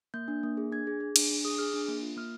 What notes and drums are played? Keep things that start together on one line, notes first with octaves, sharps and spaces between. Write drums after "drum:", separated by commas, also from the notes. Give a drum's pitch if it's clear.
A#3 G6
D4
A#3
G#4
D4 G#6
G#4
G#4
D4, drum: cymbal
D4
G#4 D#6
G#4 F6
D4
A#3
F4
A#3 F6